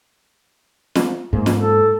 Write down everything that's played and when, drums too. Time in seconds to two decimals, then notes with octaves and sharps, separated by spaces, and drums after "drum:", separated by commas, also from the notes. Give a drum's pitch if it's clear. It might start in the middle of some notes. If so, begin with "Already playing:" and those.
0.95 drum: snare
1.33 G#2 A#3
1.46 drum: snare
1.55 A4